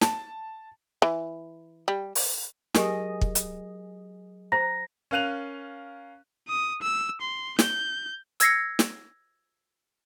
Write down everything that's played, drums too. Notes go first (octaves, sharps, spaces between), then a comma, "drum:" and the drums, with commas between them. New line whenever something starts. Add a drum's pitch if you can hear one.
A5, drum: snare
E3
G3
drum: open hi-hat
F#3 G4 G#4 A#4 D#5 G#5, drum: snare
drum: kick
drum: hi-hat
C5 A#5 A#6
C#4 A#4 F5 F#6 D#7 F7
D#6
E6
C6
G6, drum: snare
E6 G#6 A#6 C7 C#7, drum: hi-hat
drum: snare